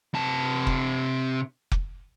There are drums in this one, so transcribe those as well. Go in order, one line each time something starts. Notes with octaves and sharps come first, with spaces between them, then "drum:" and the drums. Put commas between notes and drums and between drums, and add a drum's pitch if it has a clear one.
C3 A5
drum: kick F1
drum: kick F1